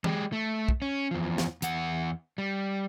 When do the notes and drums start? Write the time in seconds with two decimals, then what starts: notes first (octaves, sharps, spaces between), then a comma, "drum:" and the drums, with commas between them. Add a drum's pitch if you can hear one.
0.04 G#3 G4, drum: tom E3
0.33 A3
0.69 drum: kick
0.82 C#4
1.11 E2 F3
1.38 drum: snare
1.62 E2 F#5, drum: hi-hat
2.38 G3